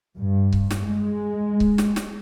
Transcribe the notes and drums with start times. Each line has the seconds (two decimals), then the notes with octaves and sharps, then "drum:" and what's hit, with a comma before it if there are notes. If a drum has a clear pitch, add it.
0.17 G2
0.53 drum: kick C#1
0.70 drum: snare
0.83 G#3
1.60 drum: kick C#1
1.78 drum: snare
1.96 drum: snare